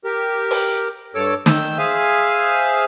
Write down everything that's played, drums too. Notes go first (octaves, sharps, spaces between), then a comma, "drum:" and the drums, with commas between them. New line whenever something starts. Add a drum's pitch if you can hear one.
G4 A#4
drum: open hi-hat
G2 A4 C#5 D6 E6
D#3 E6 G6, drum: snare
G#4 C5 E5 F5 G#5